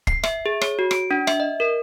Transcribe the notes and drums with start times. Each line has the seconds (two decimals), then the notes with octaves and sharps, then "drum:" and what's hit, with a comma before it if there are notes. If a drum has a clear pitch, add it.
0.07 C7, drum: kick
0.24 E5, drum: rim click
0.46 G#4
0.61 C#5, drum: rim click
0.79 F#4
0.91 D7, drum: rim click
1.11 D4
1.27 E5, drum: rim click
1.40 D#5
1.60 A#4